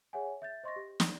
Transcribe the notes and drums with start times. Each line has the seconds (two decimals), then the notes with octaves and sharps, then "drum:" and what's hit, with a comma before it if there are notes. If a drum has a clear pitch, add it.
0.13 G#4 C#5 E5 F#5 G#5
0.42 E5 G6 A6
0.64 C5 D#5 C6 C#6 A6 A#6
0.76 G4
1.00 D#4, drum: snare